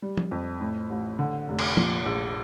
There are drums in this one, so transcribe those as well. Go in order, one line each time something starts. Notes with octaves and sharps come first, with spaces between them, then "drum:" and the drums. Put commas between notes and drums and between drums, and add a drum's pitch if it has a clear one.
G3
drum: tom
F2
A2
A1
D3
F1
drum: cymbal
A#2, drum: tom
A#1